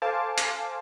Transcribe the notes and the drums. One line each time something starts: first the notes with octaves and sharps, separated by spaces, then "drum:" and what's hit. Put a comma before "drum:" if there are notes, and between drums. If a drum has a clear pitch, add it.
A4 C5 F5 G#5 A5 D6
drum: hi-hat